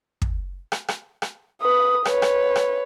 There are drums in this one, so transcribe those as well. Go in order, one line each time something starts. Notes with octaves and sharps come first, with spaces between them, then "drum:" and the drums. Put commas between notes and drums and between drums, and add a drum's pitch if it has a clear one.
drum: kick
drum: rim click
drum: rim click
drum: rim click
B4 D#6
B4 C#5, drum: rim click
drum: rim click
drum: rim click